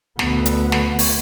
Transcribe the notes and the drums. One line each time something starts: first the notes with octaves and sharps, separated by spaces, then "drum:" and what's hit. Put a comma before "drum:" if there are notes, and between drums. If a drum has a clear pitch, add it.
D2 B3, drum: snare
drum: hi-hat
drum: snare
drum: open hi-hat